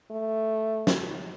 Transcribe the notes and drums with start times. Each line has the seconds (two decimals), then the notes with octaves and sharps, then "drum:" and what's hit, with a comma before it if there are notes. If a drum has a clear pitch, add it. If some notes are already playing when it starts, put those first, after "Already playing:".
0.11 A3
0.87 drum: snare